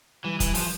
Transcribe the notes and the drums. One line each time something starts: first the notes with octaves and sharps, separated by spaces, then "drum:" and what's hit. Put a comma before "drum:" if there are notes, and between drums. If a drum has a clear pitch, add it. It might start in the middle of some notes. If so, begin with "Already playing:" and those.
E3 G3
E3, drum: kick, hi-hat
F3, drum: open hi-hat